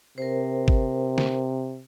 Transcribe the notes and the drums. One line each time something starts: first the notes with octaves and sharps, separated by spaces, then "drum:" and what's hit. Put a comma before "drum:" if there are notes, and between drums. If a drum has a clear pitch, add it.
C3 A#4 C5
drum: kick
drum: snare